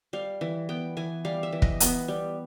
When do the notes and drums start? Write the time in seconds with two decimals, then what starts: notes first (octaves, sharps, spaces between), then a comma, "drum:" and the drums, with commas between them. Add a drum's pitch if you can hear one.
0.13 G3 F5
0.41 E3
0.69 B3 G5
0.97 E3 G#5
1.25 G3 F5
1.43 E5
1.53 E3
1.62 D#5, drum: kick
1.80 B3, drum: hi-hat
2.08 G3